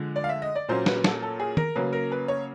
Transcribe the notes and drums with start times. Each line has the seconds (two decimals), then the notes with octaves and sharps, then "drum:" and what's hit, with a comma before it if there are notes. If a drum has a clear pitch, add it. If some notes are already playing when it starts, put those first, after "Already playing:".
Already playing: D3 F3 G#3
0.16 D5
0.24 F5
0.29 E5
0.42 D#5
0.55 D5
0.68 A#2 F#3 A#3 C#4 C5
0.86 B4, drum: snare
1.04 A4, drum: snare
1.23 A4
1.40 G#4
1.57 A#4, drum: tom
1.75 C#3 F#3 A#3 C#4 B4
1.93 A#4
2.12 B4
2.28 C#5